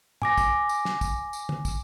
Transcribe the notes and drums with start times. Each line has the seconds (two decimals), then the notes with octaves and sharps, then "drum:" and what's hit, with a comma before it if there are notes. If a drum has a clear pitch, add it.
0.22 G#5 D6 A#6, drum: tom
0.38 drum: kick, tambourine
0.69 drum: tambourine
0.85 drum: snare
1.01 drum: kick, tambourine
1.33 drum: tambourine
1.49 drum: tom
1.65 drum: kick, tambourine